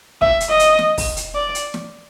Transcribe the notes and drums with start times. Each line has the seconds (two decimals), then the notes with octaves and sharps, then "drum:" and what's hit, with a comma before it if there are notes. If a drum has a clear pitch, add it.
0.22 E5, drum: kick
0.40 drum: hi-hat
0.50 D#5
0.59 drum: hi-hat
0.79 drum: snare
0.98 drum: kick, open hi-hat
1.17 drum: hi-hat
1.35 D5
1.55 drum: hi-hat
1.74 drum: snare